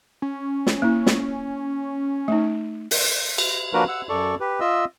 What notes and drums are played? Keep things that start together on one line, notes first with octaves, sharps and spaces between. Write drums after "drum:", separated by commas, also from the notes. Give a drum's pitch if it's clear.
C#4
drum: snare
A#3 E4
drum: snare
A3 D#4
drum: open hi-hat
drum: cymbal
F3 A#3 D4 F#4 A#4 B4
F#5 E6
F#2 A4 D5 C#6
G4 B4
F4 D#5 E5 E6